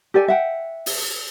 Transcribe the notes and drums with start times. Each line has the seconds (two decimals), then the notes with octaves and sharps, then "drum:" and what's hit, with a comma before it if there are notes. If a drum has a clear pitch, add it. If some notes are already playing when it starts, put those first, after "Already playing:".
0.14 G4 A4 D5 G#5
0.28 E5 F#5 G5
0.86 drum: open hi-hat